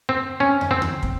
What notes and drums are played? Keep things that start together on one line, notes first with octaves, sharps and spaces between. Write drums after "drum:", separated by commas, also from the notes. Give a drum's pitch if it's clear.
C4
C#4
drum: tom
C4
drum: tom D3
drum: kick